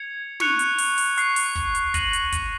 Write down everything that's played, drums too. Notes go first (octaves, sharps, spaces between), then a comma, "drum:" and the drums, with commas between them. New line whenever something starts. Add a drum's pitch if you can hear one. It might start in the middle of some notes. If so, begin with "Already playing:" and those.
Already playing: G#6 C#7 F7
C#6 F#6 C#7 F7, drum: snare
drum: hi-hat
drum: open hi-hat
drum: open hi-hat
C#6 F#6 C7, drum: hi-hat
drum: open hi-hat
drum: kick
drum: hi-hat
F#6 A#6 D#7 F#7, drum: kick, hi-hat
drum: hi-hat
drum: kick, hi-hat